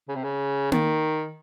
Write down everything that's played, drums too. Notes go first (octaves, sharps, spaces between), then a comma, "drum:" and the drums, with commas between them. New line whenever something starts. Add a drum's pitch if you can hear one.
C#3
C3
C#3
D#3, drum: tom A#3